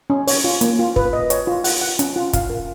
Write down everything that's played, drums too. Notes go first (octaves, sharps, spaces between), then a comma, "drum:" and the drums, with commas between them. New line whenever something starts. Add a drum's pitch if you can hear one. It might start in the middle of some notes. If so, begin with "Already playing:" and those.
C#4
C#5, drum: open hi-hat
F4
A#3, drum: hi-hat
F4
B4, drum: kick
D#5
C#5, drum: hi-hat
F4
F#5, drum: open hi-hat
F#5
C#4, drum: hi-hat
F4
F5, drum: kick, hi-hat
A#4